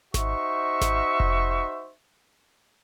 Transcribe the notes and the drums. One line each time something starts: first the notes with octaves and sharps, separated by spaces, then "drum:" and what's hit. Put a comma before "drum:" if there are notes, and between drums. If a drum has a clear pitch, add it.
D#4 F#4 C5 E5 C#6, drum: snare G#1
drum: snare G#1
drum: kick F1